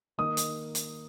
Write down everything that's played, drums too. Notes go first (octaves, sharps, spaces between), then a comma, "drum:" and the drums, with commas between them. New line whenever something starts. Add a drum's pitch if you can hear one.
D#3 A#3 D#4 A#4 D#6
drum: hi-hat
drum: hi-hat